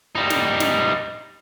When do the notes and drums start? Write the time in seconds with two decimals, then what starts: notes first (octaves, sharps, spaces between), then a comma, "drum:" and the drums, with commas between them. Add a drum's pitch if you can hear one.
0.15 G3 D#4
0.30 drum: snare
0.60 drum: snare